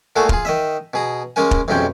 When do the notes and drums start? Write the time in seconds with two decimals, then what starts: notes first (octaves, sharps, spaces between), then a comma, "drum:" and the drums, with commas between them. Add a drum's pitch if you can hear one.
0.16 A#2 A3 F#4 G#4 A4
0.29 F4 G#4, drum: kick
0.45 D#3 D#5 E5
0.94 B2 G#4 A#5
1.36 G#3 A#3 C#4 A#4 G#5
1.51 drum: kick
1.68 B1 F2 G#2 C3 C#4 G5